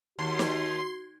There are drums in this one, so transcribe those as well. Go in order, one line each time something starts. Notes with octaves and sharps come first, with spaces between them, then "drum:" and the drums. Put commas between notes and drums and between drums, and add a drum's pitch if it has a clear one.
D#2 F#4 C6
drum: snare